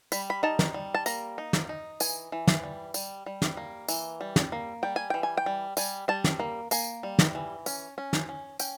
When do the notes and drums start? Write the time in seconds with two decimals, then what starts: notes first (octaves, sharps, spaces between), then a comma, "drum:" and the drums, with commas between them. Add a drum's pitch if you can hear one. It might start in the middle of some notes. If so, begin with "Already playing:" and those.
0.12 G3 B5, drum: tambourine
0.30 B5
0.43 D#4 A5
0.59 drum: snare
0.74 G3
0.94 A5
1.06 A#3 A#5, drum: tambourine
1.38 D#4
1.53 drum: snare
1.69 D#4
2.00 E3 G#5, drum: tambourine
2.32 E3
2.47 drum: snare
2.63 G3
2.94 G3, drum: tambourine
3.26 G3
3.42 drum: snare
3.57 A#3
3.88 E3, drum: tambourine
4.21 G3
4.36 drum: snare
4.52 A#3
4.83 G3 G5
4.96 G#5
5.10 E3 G5
5.23 G#5
5.37 G5
5.46 G3
5.77 G3 G#5, drum: tambourine
6.08 G3 A5
6.24 drum: snare
6.39 A#3
6.71 A#3 G#5, drum: tambourine
7.03 G3
7.19 drum: snare
7.35 E3
7.66 C#4, drum: tambourine
7.98 C#4
8.13 drum: snare
8.29 C#4
8.59 C#4 G5, drum: tambourine